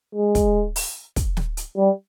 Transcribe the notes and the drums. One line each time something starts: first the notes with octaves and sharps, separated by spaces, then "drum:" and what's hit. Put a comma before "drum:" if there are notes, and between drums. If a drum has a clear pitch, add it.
G#3
drum: kick, hi-hat
drum: open hi-hat
drum: kick, hi-hat
drum: snare
drum: hi-hat
G3